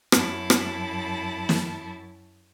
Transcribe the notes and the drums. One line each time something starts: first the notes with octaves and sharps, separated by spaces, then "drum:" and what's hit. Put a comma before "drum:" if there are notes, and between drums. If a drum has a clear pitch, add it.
F#2 E4 A5, drum: rim click
drum: rim click
drum: snare